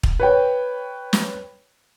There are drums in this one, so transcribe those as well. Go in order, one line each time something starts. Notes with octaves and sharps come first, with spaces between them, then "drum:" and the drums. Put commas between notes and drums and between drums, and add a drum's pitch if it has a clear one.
drum: kick
B4 C#5 G5
drum: snare